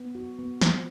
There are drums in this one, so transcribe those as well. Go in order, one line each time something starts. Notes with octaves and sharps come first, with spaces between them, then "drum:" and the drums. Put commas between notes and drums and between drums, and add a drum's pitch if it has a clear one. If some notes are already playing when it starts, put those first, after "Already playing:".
Already playing: B3
F#4
B3
F3, drum: snare